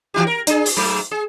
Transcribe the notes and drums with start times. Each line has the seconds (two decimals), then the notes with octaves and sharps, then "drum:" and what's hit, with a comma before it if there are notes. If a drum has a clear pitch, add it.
0.14 E3 E4 G4
0.27 A#4
0.47 D4 G#4, drum: hi-hat
0.66 drum: open hi-hat
0.76 G#2 F#3 A3
1.11 G#4